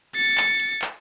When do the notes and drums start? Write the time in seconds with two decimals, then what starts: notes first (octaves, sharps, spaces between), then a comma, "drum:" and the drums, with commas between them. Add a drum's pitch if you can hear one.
0.15 A6 C#7
0.38 drum: clap
0.60 drum: cymbal
0.82 drum: clap